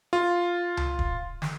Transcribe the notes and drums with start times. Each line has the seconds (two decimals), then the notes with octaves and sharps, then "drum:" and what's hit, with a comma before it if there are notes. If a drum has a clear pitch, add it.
0.13 F4
0.77 drum: tom C#2
0.99 drum: kick
1.42 drum: snare